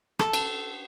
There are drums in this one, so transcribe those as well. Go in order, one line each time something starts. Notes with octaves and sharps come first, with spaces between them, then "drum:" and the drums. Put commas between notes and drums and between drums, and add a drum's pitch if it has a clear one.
A4, drum: rim click
drum: cymbal